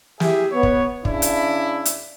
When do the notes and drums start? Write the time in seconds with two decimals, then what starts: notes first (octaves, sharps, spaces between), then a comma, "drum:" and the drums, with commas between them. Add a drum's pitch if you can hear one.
0.20 E4 G4 G#4 E5, drum: snare
0.52 B3 C#5
0.63 drum: kick
1.05 C#3 D4 E4, drum: kick
1.22 drum: hi-hat
1.85 drum: hi-hat